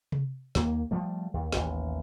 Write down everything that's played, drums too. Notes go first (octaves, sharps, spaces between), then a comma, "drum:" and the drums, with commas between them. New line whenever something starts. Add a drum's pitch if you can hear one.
drum: tom C3
D#2 A#3, drum: snare
F3 G3 A3
D#2
A1 D#2, drum: snare